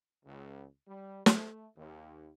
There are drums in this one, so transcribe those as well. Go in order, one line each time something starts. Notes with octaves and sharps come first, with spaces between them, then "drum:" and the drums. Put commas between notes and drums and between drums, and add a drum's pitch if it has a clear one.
C#2
G3
A3, drum: snare
D#2